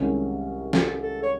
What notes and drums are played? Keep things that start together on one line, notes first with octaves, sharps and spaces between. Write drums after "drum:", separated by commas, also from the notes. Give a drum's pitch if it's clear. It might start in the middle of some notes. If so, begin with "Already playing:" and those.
Already playing: C2 C3 D#3 G#3 C#4
A4, drum: snare
A4
C#5